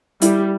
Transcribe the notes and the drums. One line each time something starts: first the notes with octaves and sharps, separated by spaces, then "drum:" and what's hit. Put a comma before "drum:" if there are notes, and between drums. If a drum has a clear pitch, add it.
G3 E4, drum: hi-hat